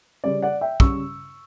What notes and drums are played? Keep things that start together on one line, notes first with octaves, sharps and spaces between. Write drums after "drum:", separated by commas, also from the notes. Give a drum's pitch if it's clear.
C#3 G3 C#4 D5
D5 F#5
E5 G5
C#3 G3 C#4 C#6 E6, drum: kick